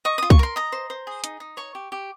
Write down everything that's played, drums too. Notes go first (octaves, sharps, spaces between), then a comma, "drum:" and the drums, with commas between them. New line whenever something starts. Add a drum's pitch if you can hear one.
D#5 C#6
F4 D#6
C#6, drum: kick C2
A#4 C6
D#5 A#5
C5
C5
G#4
D#4, drum: hi-hat
D#4
C#5 C#6
G4
G4